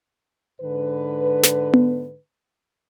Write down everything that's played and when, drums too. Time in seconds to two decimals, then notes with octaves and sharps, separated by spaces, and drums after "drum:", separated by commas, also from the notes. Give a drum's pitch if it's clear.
0.61 G#2 D3 B4
1.43 drum: snare
1.74 drum: tom B3